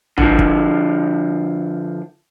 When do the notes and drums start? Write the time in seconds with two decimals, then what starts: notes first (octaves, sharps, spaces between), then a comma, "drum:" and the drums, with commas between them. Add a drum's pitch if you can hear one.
0.18 D3 F3, drum: tom
0.39 drum: kick